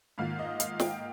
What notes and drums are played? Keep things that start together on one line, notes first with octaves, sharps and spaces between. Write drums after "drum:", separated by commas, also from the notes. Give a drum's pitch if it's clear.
G#2 D#3 A#3 F4 F5
D#5
F5, drum: hi-hat
G5, drum: snare